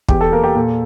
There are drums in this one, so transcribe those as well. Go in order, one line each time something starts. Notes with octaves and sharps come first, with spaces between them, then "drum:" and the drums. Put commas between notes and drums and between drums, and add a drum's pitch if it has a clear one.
E2 G4, drum: kick
A4
A#3 A#4
G4
A#2 A4